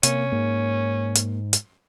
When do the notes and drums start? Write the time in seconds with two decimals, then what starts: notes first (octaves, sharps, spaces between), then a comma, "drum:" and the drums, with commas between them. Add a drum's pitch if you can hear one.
0.03 C3 A#3 C#4, drum: hi-hat
0.32 G#2 A#3
1.15 drum: hi-hat
1.53 drum: hi-hat